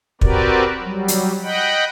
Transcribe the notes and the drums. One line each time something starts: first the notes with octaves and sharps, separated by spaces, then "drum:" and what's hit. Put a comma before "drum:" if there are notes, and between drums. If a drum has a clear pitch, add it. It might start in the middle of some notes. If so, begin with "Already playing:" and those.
C4 F#4 G4 A#4 B4 D5, drum: kick
F#3 G3
drum: hi-hat
D#5 F#5 G5 B5